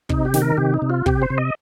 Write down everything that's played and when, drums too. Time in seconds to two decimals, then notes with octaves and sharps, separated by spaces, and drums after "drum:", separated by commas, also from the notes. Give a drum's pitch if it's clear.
0.09 C3 D#4, drum: kick
0.25 G4
0.34 D#3, drum: snare
0.42 A#4
0.57 C3 G4
0.74 D#4
0.82 C3
0.90 F4
1.06 C3 G4, drum: kick
1.22 C5
1.30 C3
1.38 D#5